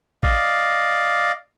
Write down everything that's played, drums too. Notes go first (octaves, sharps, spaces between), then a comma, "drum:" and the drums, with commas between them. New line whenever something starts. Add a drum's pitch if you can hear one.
D5 D#5 F5, drum: kick A1